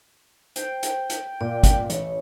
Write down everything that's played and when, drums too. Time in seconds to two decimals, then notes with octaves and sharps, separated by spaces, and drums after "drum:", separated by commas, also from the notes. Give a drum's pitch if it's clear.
0.56 C5 G5, drum: hi-hat
0.83 drum: hi-hat
1.10 drum: hi-hat
1.41 A#2 D5
1.63 drum: kick, hi-hat
1.90 A1 C#5, drum: hi-hat